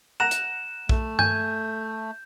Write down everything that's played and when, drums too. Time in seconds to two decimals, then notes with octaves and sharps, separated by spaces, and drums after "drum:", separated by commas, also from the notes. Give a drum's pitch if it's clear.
0.20 F#5 A#5 E7
0.31 drum: hi-hat
0.89 A3, drum: kick A#1
1.19 G#5 G6, drum: tom G2